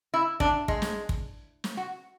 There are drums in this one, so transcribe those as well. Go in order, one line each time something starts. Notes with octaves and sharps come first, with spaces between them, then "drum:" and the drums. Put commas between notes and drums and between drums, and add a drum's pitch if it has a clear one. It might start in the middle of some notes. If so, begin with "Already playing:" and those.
E4
D4, drum: kick
G#3, drum: kick
drum: snare
drum: kick
drum: snare
F#4